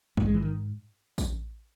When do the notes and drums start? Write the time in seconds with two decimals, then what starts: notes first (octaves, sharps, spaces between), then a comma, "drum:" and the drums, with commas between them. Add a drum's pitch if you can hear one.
0.17 G#2 A3, drum: kick A1
0.26 G#3
0.34 E3
0.42 D#3
1.18 drum: kick A1, tambourine